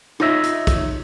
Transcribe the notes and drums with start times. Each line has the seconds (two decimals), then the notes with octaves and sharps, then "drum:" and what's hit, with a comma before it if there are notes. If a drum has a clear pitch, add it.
0.20 D#4 F4 C#5 D#5 E5, drum: rim click
0.43 drum: hi-hat
0.67 drum: kick, hi-hat